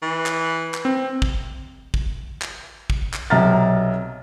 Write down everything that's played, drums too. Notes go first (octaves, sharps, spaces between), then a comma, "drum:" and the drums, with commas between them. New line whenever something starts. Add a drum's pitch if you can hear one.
E3
drum: clap
drum: clap
C4
drum: kick
drum: kick
drum: clap
drum: kick
drum: clap
B1 C3 A#5 F6 A6